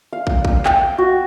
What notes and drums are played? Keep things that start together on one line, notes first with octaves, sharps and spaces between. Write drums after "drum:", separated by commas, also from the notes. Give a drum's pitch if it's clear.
F5
drum: kick
drum: kick
G5, drum: clap
F#4